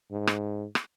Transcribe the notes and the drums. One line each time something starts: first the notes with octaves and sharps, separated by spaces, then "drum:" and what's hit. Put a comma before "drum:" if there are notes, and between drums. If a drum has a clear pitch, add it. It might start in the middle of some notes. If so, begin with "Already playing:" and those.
G#2
drum: rim click
drum: rim click